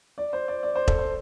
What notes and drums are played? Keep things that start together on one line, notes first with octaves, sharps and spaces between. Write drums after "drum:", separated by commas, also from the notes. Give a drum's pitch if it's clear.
D5
C5
D5
D5
C5
A4, drum: kick E1
C5